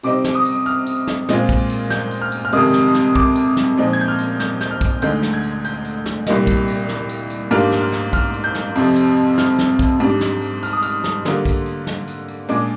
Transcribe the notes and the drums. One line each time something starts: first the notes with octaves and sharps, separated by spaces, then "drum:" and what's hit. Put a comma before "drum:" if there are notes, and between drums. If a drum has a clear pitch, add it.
C3 G3 C4 D#4 D6, drum: tambourine
drum: snare
D#6
drum: tambourine
F6, drum: tambourine
drum: tambourine
drum: snare
A#2 G#3 C4 F4, drum: snare
drum: kick, tambourine
drum: tambourine
G6, drum: snare
drum: tambourine
F6
drum: tambourine
F6
F2 C3 D#3 G#3 D#6, drum: tambourine
drum: snare
drum: snare
D6, drum: kick
drum: tambourine
drum: snare
A#2 F3 G#3 C4 D#4
G#6
G6
F6
drum: tambourine
G6, drum: snare
G6, drum: snare
F6
drum: kick, tambourine
D2 D3 G#3 D#4 G6, drum: tambourine
drum: snare
G#6
drum: tambourine
G6, drum: tambourine
drum: tambourine
drum: snare
C2 A#2 G3 A#3 D#4, drum: snare
drum: kick, tambourine
drum: tambourine
drum: snare
drum: tambourine
drum: tambourine
G#2 G3 A#3 D4 F4 F6, drum: tambourine
drum: snare
F6
drum: snare
F6, drum: kick, tambourine
drum: tambourine
G6
drum: snare
F2 C3 F3, drum: tambourine
drum: tambourine
drum: tambourine
F6, drum: snare
drum: snare
drum: kick, tambourine
G#2 G3 D4
drum: snare
drum: tambourine
F6, drum: tambourine
D#6
F6, drum: tambourine
drum: snare
D3 G3 A#3 F4, drum: snare
drum: kick, tambourine
drum: tambourine
drum: snare
drum: tambourine
drum: tambourine
A#2 G#3 D4 D6, drum: tambourine